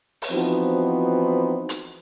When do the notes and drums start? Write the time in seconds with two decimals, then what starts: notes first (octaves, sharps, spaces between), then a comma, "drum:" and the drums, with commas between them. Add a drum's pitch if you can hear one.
0.22 drum: open hi-hat
0.31 E3 F3 B3 C4 D#4 F#4
1.69 drum: hi-hat